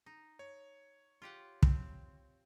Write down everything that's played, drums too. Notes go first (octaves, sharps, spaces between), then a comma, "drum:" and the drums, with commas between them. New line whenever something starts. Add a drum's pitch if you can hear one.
D#4
C#5
F4 G4 F#5
C4, drum: kick